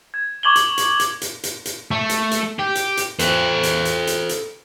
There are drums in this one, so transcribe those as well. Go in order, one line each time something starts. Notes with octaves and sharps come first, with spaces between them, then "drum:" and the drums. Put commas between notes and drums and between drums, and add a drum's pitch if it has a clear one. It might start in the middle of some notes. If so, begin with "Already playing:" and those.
G#6
C#6 D6 G#6 F#7 G7
drum: hi-hat
drum: hi-hat
drum: hi-hat
drum: hi-hat
drum: hi-hat
drum: hi-hat
A3
drum: hi-hat
drum: hi-hat
G4
drum: hi-hat
drum: hi-hat
A4 C5, drum: hi-hat
drum: hi-hat
drum: hi-hat
drum: hi-hat
drum: hi-hat